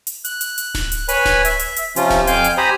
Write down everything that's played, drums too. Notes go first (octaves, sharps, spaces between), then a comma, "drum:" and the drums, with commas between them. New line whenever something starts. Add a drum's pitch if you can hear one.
drum: hi-hat
F#6, drum: hi-hat
drum: hi-hat
drum: hi-hat
drum: snare D1
drum: hi-hat
B4 C#5 G#5 B5, drum: hi-hat
drum: snare D1
E5, drum: hi-hat
drum: hi-hat
drum: hi-hat
C3 F3 C#4 F4, drum: hi-hat
drum: snare D1
F2 F5 G5 G#5 G6, drum: hi-hat
drum: hi-hat
G4 C5 G#5 A#5 B5 D#6